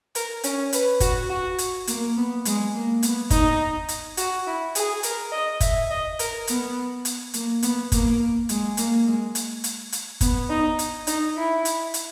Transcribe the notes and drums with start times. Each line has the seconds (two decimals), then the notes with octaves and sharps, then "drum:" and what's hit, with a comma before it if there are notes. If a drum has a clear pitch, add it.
0.15 A#4, drum: hi-hat
0.44 C#4, drum: hi-hat
0.73 B4, drum: hi-hat
1.00 F#4, drum: kick, hi-hat
1.30 F#4
1.58 drum: hi-hat
1.87 A#3, drum: hi-hat
2.16 B3
2.45 G#3, drum: hi-hat
2.73 A#3
3.03 B3, drum: hi-hat
3.30 D#4, drum: kick, hi-hat
3.89 drum: hi-hat
4.17 F#4, drum: hi-hat
4.47 E4
4.75 G#4, drum: hi-hat
5.03 A#4, drum: hi-hat
5.32 D#5
5.60 E5, drum: kick, hi-hat
5.90 D#5
6.19 A#4, drum: hi-hat
6.47 B3, drum: hi-hat
7.05 drum: hi-hat
7.34 A#3, drum: hi-hat
7.63 B3, drum: hi-hat
7.92 A#3, drum: kick, hi-hat
8.49 G#3, drum: hi-hat
8.77 A#3, drum: hi-hat
9.06 G#3
9.35 drum: hi-hat
9.64 drum: hi-hat
9.92 drum: hi-hat
10.21 B3, drum: kick, hi-hat
10.50 D#4
10.79 drum: hi-hat
11.07 D#4, drum: hi-hat
11.37 E4
11.65 drum: hi-hat
11.94 drum: hi-hat